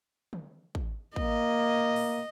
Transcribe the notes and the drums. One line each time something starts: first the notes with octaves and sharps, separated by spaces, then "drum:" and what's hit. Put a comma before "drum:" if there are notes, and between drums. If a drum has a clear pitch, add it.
drum: tom
drum: kick
A#3 D#5, drum: kick
drum: open hi-hat